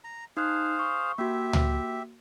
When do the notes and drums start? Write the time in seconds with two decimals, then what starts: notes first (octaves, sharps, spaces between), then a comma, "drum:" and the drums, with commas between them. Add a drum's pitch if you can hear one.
0.04 A#5
0.37 D#4 G#4 C5 F5 F#6
0.79 C#6
1.18 A#3 F#4 G4 E5
1.53 drum: tom C#2